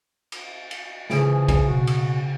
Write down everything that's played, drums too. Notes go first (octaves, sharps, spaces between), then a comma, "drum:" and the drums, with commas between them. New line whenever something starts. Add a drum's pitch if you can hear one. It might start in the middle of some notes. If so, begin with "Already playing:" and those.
drum: cymbal
drum: cymbal
C#3 E3 F3 G#4 D7, drum: snare
drum: kick, cymbal
B2 F3 F#4
drum: cymbal